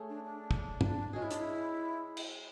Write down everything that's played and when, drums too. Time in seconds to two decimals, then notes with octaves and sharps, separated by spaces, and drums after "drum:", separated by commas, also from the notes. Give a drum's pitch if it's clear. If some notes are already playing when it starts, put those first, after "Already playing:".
Already playing: A3 C#4 G#4
0.09 D4
0.24 D4
0.51 drum: kick
0.81 drum: tom
1.13 G#3 C#4 F#4 G#4
1.22 E4
1.31 D4, drum: hi-hat
1.40 E4
2.17 drum: cymbal